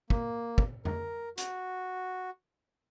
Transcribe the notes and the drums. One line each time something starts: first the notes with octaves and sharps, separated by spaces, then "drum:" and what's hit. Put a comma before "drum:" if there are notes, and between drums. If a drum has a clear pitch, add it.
A#3, drum: kick
drum: kick
A#4, drum: tom F2
F#4, drum: hi-hat